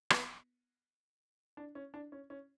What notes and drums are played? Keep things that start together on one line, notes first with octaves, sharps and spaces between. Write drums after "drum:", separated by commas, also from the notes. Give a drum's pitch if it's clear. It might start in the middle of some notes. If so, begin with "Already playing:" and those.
B3, drum: rim click
D4
C#4
D4
C#4
C#4